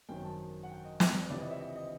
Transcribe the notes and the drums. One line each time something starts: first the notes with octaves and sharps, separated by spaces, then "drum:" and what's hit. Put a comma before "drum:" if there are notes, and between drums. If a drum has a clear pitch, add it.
G#1 F#2 D#3 F#3 G5
A5
F#5
G5
D#5
D5, drum: snare
C#2 C3 E3 D5
D#5
E5
D#5
D#5